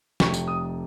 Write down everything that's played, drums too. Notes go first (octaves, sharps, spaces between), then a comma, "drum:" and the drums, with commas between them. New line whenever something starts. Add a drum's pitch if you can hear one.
F1 F2 C3 C#6, drum: snare
drum: tambourine
D#6